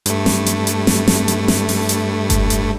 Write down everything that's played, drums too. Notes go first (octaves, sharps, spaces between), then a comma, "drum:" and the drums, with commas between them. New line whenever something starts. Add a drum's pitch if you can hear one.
G2 A3, drum: hi-hat
drum: snare
drum: hi-hat
drum: hi-hat
drum: snare
drum: snare
drum: hi-hat
drum: snare
drum: open hi-hat
drum: hi-hat
drum: kick F#1, hi-hat
drum: hi-hat